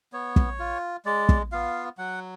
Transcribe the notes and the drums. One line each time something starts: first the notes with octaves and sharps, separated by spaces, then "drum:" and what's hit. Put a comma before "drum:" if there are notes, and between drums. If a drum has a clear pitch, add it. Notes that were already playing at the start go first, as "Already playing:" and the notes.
B3 C#5
drum: kick
F4
G#3 D5
drum: kick
B3 F4 F5
F#3 F#5